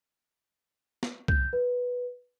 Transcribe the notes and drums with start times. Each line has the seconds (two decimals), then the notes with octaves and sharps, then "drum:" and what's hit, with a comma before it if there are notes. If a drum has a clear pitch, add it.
1.03 drum: snare
1.28 G6, drum: kick C2
1.53 B4